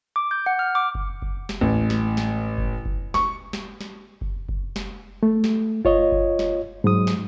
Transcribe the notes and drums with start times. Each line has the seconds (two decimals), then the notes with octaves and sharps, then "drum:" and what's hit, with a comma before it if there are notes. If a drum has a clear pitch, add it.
0.16 D6
0.31 G6
0.46 F#5
0.59 F6
0.75 D6
0.95 drum: kick F#1
1.22 drum: kick F#1
1.49 drum: snare
1.61 A1
1.90 drum: snare
2.17 drum: snare
2.58 drum: kick F#1
2.85 drum: kick F#1
3.14 C#6, drum: snare
3.53 drum: snare
3.81 drum: snare
4.21 drum: kick F#1
4.49 drum: kick F#1
4.76 drum: snare
5.23 A3
5.44 drum: snare
5.85 F4 C#5 D#5, drum: kick F#1
6.12 drum: kick F#1
6.39 drum: snare
6.84 G#2 F#3 G#3 D#6
7.07 drum: snare